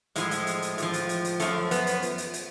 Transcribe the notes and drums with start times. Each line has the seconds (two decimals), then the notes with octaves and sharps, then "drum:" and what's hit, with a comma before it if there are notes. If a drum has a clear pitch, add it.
0.16 A2 F3 G#3, drum: hi-hat
0.31 drum: hi-hat
0.47 drum: hi-hat
0.62 drum: hi-hat
0.78 A2 F3, drum: hi-hat
0.94 drum: hi-hat
1.09 drum: hi-hat
1.25 drum: hi-hat
1.40 F#2 F3 A3, drum: hi-hat
1.71 B3, drum: hi-hat
1.87 drum: hi-hat
2.02 drum: hi-hat
2.18 drum: hi-hat
2.34 drum: hi-hat